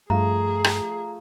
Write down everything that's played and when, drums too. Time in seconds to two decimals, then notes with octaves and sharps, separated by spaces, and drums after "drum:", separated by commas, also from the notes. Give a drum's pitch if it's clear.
0.10 G2 F3 A3 G#4 F5 A#5
0.64 drum: rim click